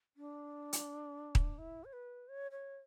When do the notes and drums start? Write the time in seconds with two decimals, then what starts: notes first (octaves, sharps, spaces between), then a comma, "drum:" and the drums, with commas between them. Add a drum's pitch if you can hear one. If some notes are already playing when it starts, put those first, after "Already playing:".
0.17 D4
0.73 drum: hi-hat
1.35 drum: kick D#1
1.58 E4
1.84 C#5
1.93 B4
2.28 C#5
2.51 C#5